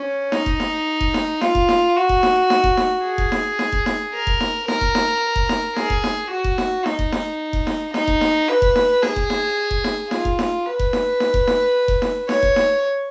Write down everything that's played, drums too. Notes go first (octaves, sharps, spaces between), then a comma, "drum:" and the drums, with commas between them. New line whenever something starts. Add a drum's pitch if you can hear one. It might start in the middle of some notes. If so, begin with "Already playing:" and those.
Already playing: C#4
D#4, drum: snare D#4
drum: kick F1
drum: snare D#4
drum: kick F1
drum: snare D#4
F4, drum: snare D#4
drum: kick F1
drum: snare D#4
F#4
drum: kick F1
drum: snare D#4
drum: snare D#4
drum: kick F1
drum: snare D#4
G#4
drum: kick F1
drum: snare D#4
drum: snare D#4
drum: kick F1
drum: snare D#4
A#4
drum: kick F1
drum: snare D#4
A#4, drum: snare D#4
drum: kick F1
drum: snare D#4
drum: kick F1
drum: snare D#4
G#4, drum: snare D#4
drum: kick F1
drum: snare D#4
F#4
drum: kick F1
drum: snare D#4
D#4, drum: snare D#4
drum: kick F1
drum: snare D#4
drum: kick F1
drum: snare D#4
D#4, drum: snare D#4
drum: kick F1
drum: snare D#4
B4
drum: kick F1
drum: snare D#4
G#4, drum: snare D#4
drum: kick F1
drum: snare D#4
drum: kick F1
drum: snare D#4
F4, drum: snare D#4
drum: kick F1
drum: snare D#4
B4
drum: kick F1
drum: snare D#4
drum: snare D#4
drum: kick F1
drum: snare D#4
drum: kick F1
drum: snare D#4
C#5, drum: snare D#4
drum: kick F1
drum: snare D#4